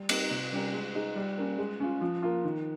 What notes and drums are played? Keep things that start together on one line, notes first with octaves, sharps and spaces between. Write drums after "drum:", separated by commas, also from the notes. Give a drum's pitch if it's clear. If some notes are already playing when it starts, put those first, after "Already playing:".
Already playing: G3
C4 D#4 G4 A#4, drum: cymbal
C3
G3 C#4 G4 A#4
G#3
D#4 G#4
G3
A#3 C#4
G#3
C#4 F4
F3
A#3 F4
D#3